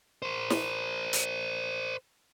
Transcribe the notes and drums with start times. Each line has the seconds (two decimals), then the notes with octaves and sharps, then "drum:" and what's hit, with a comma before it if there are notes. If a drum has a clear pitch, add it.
0.22 A#4 C5
0.50 drum: snare
1.13 drum: hi-hat